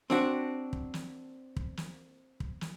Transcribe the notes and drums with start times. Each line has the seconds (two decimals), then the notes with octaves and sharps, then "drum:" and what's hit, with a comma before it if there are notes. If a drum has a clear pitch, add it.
0.10 C4 D4 F#4, drum: snare
0.73 drum: kick
0.94 drum: snare
1.56 drum: kick
1.77 drum: snare
2.40 drum: kick
2.61 drum: snare